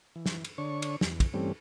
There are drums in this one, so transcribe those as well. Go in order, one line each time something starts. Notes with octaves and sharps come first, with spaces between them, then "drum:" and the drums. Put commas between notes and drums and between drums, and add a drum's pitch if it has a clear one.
E3
drum: snare
drum: cymbal
D3 D4 C#5 C#6
drum: cymbal
E2, drum: snare
drum: kick, cymbal
G2 E3 G3 A3 C4 C#4